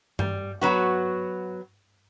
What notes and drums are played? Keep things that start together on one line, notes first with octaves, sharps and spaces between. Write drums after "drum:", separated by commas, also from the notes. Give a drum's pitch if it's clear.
G3, drum: tom G2
F#3 B3 F#4